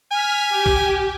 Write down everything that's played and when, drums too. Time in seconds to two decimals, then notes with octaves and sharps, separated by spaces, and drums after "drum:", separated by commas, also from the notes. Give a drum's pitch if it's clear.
0.11 G#5 F6 B6
0.50 G4
0.66 drum: kick